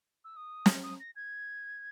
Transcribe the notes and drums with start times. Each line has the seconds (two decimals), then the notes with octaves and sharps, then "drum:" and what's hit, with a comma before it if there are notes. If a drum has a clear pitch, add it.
0.25 E6
0.36 D#6
0.66 drum: snare
0.83 D#6
1.00 A#6
1.16 G#6